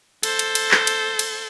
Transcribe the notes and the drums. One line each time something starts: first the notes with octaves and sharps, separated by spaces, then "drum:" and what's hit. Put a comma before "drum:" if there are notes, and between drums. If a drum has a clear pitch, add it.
A4 C5, drum: cymbal
drum: cymbal
drum: cymbal
drum: clap
drum: cymbal
drum: cymbal